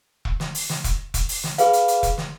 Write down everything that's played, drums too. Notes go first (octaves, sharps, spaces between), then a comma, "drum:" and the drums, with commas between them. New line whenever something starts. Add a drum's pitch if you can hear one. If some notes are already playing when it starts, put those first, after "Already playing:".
drum: kick E1
drum: snare
drum: open hi-hat
drum: snare
drum: kick E1, hi-hat
drum: kick E1, hi-hat
drum: open hi-hat
drum: snare
G#4 B4 F5, drum: hi-hat
drum: hi-hat
drum: hi-hat
drum: kick E1, hi-hat
drum: snare